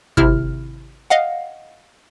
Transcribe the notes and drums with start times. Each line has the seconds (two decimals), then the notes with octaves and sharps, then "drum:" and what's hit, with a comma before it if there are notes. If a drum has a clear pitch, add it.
0.17 G#1 C3 E4 F6, drum: kick
1.10 D#5 F5 F#5